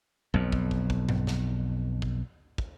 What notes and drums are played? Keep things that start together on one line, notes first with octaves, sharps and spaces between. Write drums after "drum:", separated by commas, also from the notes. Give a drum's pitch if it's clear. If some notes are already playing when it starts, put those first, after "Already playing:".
B1 F2
drum: kick
drum: kick
drum: kick
drum: tom G2
drum: snare
drum: kick
drum: kick